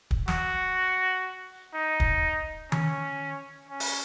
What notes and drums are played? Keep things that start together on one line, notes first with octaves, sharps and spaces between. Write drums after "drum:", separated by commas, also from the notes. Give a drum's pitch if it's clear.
drum: kick
F#4, drum: snare
D#4
drum: kick
C#4, drum: tom D#3
C#4
drum: open hi-hat